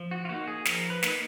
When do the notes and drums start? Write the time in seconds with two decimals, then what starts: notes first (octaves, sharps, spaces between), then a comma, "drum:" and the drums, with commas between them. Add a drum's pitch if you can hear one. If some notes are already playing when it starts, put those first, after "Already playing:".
Already playing: F3
0.11 F#4
0.25 F4
0.29 A#3 D#4 F#4
0.48 G#4
0.65 F3 A#4, drum: snare
0.90 B4
1.03 A#3 D#4 B4, drum: snare